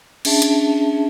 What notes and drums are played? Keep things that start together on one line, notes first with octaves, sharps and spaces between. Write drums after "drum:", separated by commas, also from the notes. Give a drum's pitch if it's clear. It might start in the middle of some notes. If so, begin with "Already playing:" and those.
C#4 D4 G#4 E5 A5, drum: cymbal
drum: hi-hat